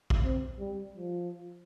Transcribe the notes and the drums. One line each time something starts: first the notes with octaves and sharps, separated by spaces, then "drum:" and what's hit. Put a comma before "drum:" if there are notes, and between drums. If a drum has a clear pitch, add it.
drum: kick A#1
C4
G3
F3